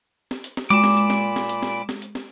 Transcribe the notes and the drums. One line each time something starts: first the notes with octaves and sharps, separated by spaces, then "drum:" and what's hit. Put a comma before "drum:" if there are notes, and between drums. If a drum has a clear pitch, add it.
drum: snare
drum: hi-hat
drum: snare
A#2 G#3 B5 D6 D7 E7, drum: hi-hat
drum: snare
drum: hi-hat
drum: snare
drum: snare
drum: hi-hat
drum: snare
drum: snare
drum: hi-hat
drum: snare